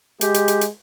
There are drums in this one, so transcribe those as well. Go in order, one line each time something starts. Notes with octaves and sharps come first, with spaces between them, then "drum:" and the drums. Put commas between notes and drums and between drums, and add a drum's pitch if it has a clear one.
G#3 G4, drum: hi-hat
drum: hi-hat
drum: hi-hat
drum: hi-hat